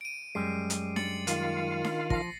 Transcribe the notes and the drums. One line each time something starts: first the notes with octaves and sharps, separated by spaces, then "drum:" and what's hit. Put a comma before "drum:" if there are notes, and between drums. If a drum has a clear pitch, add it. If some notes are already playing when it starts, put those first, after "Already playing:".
D7 D#7
F#2 G3 G#3 C7
drum: hi-hat
A6 C#7 F#7, drum: snare D4
D#3 F4 F5 D#7, drum: hi-hat
drum: snare D4
F3 A#6 C7, drum: kick